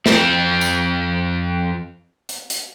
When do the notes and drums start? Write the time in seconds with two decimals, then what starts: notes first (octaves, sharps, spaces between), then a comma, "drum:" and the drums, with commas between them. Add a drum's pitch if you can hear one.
0.06 F2 C4, drum: snare
0.61 drum: tambourine
2.29 drum: hi-hat
2.50 drum: hi-hat